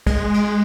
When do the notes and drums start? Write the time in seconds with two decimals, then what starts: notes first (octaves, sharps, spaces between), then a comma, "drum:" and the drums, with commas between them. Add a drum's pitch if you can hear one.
0.06 G#3, drum: kick, cymbal
0.34 drum: cymbal